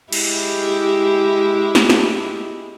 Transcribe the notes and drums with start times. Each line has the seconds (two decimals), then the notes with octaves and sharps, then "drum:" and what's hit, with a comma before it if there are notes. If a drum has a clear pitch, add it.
0.13 G#3 E4 G4, drum: cymbal
1.75 drum: snare
1.90 drum: snare